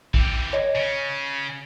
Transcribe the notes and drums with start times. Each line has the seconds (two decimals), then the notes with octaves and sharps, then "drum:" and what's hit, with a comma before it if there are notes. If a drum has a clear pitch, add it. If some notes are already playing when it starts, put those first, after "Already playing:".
0.14 E3 G4, drum: kick
0.53 C#5 D#5
0.76 C#3 C#4